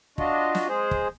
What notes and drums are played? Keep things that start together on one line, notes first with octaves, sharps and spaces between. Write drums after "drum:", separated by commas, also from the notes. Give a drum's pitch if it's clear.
D4 F4 F#4 D#5, drum: kick
drum: snare
G#3 G#4 C5
drum: kick